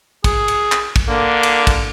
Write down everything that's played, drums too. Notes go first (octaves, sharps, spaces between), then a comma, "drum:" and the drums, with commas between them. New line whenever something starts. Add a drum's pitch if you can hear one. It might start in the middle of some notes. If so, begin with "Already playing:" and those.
G#4, drum: kick, cymbal
drum: cymbal
drum: clap
drum: kick, cymbal
D3 A#3
drum: cymbal
drum: kick, cymbal